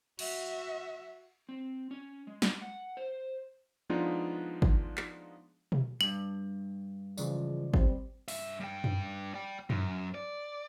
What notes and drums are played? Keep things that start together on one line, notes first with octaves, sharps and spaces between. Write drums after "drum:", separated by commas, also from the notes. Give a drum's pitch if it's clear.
F#4 E5, drum: cymbal
C4
C#4
G#3
drum: snare
F#5
C5
F3 G#3 B3 D4 D#4 F4
drum: kick G#1
drum: clap
drum: tom B2
G2 F#7
C#3 E3 F3 G#3 F4 D5, drum: tambourine
G3 C4, drum: kick G#1
G2 E5, drum: open hi-hat
G2 G5
drum: tom F#2
D5 G5
F#2, drum: tom F#2
D5